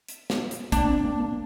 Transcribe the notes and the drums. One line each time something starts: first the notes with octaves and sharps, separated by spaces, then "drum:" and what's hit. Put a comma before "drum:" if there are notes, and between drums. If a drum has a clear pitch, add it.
drum: hi-hat
drum: snare
drum: hi-hat
A#3 D4, drum: kick, hi-hat
C4
A#3
A#3